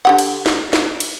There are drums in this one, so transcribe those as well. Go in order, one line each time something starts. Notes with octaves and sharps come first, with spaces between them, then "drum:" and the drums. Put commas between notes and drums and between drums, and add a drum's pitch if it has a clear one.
D3 G4 F#5
drum: cymbal
drum: snare
drum: snare
drum: cymbal